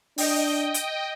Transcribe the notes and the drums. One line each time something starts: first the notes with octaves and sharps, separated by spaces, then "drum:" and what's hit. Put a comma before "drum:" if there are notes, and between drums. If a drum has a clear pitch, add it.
D4 D#5 G5, drum: open hi-hat
drum: hi-hat